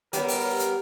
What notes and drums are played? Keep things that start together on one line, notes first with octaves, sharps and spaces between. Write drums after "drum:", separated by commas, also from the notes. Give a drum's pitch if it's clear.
G3 B3 G4 A#4 C#5, drum: hi-hat
drum: open hi-hat
drum: hi-hat